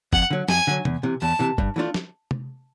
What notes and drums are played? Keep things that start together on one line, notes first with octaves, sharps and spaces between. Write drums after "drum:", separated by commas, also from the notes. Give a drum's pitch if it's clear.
F2 F#5, drum: kick
D3 F#3
F2 G#5, drum: snare
D3 F#3
E2, drum: tom C3
C3 E3
E2 A5
C3 E3
G2, drum: kick
E3 A3 D4 F4
drum: snare
drum: tom C3